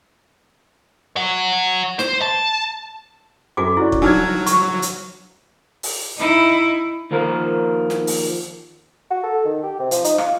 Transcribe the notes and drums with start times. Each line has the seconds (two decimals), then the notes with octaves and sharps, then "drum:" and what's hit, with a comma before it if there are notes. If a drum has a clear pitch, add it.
1.16 C#5 F#5
1.99 C5, drum: snare
2.21 A5
3.57 F#2 F#4 A4 D6
3.77 C#4 E4 F#4 D5
3.92 drum: kick
4.02 F#3 D4 D#4 E6 F6 G#6
4.46 C#6, drum: hi-hat
4.82 drum: hi-hat
5.83 drum: open hi-hat
6.18 D#4 E4
7.11 D#2 F3 A#3 A#4
7.90 drum: snare
8.07 drum: open hi-hat
9.11 F#4
9.24 A4
9.45 D#3
9.63 G4
9.80 C3
9.91 F3, drum: hi-hat
10.04 D#4, drum: hi-hat
10.18 F4, drum: rim click